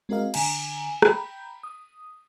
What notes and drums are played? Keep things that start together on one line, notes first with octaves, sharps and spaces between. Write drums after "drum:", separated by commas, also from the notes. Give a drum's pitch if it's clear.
G#3 C4 F#4 A#4 D#5 F5
D3 G#5 A#5, drum: cymbal
G5 A#5 B5 G6, drum: rim click
D#6